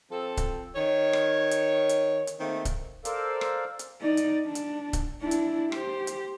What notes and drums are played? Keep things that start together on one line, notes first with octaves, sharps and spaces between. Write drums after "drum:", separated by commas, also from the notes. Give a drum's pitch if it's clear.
F3 C4 A4
drum: kick C#1, hi-hat
D#3 C#5
drum: rim click
drum: hi-hat
drum: hi-hat
drum: hi-hat
D#3 A3 A#3 C4
drum: kick C#1, hi-hat
A4 A#4 C5 D5 F5, drum: hi-hat
drum: rim click
drum: hi-hat
D#4 D5
drum: hi-hat
D4
drum: hi-hat
drum: kick C#1, hi-hat
D4 E4
drum: hi-hat
G4 C5, drum: rim click
drum: hi-hat